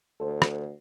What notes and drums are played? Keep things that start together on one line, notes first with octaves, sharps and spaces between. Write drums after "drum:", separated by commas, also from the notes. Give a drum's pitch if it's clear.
D2 A4 C5
drum: rim click